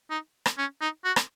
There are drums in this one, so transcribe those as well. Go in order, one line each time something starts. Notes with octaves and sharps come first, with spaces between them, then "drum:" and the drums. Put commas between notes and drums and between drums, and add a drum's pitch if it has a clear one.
D#4
drum: rim click
C#4
D#4
F#4
drum: rim click